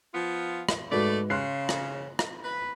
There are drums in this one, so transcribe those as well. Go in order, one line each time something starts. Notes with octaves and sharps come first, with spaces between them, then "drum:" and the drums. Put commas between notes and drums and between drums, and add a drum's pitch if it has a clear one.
F3 B3 F4
drum: rim click
G#2 A3 F#4 B4 D5
C#3 C6 F#6 C7
drum: rim click
drum: rim click
B4